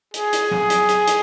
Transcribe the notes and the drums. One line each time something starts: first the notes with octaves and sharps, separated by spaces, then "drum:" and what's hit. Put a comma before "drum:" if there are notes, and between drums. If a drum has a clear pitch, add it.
G#4, drum: hi-hat
drum: hi-hat
drum: tom F#3
drum: hi-hat
drum: hi-hat
drum: hi-hat